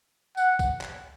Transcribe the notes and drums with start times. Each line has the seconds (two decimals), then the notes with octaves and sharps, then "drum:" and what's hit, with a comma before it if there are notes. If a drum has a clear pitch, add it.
0.37 F#5, drum: tambourine
0.59 drum: kick B1, tambourine
0.81 drum: clap